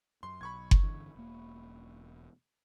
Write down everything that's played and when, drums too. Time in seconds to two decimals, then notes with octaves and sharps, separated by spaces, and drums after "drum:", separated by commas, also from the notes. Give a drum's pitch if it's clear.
0.23 F#2 C6
0.41 B1 B5 C#6 G#6
0.71 drum: kick F#1
0.82 G1 D3 E3
1.15 E1 A#3